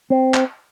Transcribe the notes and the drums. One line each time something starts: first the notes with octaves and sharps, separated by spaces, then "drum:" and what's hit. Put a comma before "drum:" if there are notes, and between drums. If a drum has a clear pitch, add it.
C4
drum: clap